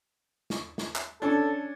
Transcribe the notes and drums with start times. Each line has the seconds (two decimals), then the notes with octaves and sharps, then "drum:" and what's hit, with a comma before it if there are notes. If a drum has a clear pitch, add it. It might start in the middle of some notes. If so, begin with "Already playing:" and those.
0.50 drum: snare
0.78 drum: snare
0.96 drum: clap
1.22 C#4 D4 A4